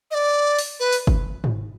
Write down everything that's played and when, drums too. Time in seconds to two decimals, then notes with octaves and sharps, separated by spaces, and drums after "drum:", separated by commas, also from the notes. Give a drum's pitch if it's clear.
0.11 D#5
0.14 D5
0.59 drum: open hi-hat
0.80 B4
0.93 drum: open hi-hat
1.07 drum: kick G1
1.44 drum: tom G#2